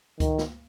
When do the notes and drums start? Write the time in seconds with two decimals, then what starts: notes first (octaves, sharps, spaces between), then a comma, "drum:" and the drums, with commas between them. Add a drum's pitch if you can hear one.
0.20 D#3, drum: kick C#2, hi-hat
0.38 drum: snare